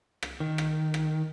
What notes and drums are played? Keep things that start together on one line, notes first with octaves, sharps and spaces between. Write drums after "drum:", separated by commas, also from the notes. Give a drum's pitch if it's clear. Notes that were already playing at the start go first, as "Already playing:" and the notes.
drum: rim click
D#3
drum: rim click
drum: rim click